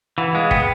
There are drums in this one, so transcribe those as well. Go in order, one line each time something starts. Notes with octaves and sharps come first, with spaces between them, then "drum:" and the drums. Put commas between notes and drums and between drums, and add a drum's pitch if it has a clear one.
E3 F#5
G#3 F5
B3 G5, drum: kick